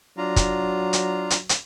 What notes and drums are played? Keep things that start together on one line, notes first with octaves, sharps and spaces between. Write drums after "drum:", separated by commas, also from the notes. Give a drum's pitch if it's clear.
F#3 D4 F4 A#5
drum: kick, hi-hat
drum: hi-hat
drum: hi-hat
drum: hi-hat